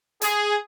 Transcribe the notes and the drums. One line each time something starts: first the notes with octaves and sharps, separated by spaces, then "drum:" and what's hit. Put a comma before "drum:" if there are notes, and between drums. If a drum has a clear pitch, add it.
G#4, drum: hi-hat